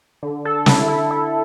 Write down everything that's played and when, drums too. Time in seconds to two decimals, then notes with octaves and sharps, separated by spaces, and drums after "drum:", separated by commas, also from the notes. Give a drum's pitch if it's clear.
0.23 D3
0.45 A4
0.66 E4, drum: snare
0.88 E4
1.11 E4